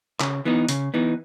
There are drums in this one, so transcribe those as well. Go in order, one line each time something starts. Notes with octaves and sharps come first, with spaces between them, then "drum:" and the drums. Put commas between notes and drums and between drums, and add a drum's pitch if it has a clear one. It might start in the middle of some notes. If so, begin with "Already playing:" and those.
C#3, drum: clap
E3 B3 D#4
C#3, drum: hi-hat
E3 B3 D#4